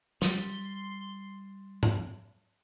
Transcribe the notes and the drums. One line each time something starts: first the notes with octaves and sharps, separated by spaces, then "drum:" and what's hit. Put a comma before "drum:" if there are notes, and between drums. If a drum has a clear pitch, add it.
G3 C6, drum: snare
drum: tom